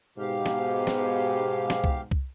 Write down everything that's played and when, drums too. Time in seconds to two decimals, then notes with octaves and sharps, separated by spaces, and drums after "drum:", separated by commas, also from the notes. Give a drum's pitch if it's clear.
0.18 G#2 B2 G4 F5
0.46 drum: snare
0.87 drum: snare
1.70 drum: snare
1.84 drum: kick C2
2.11 drum: kick C2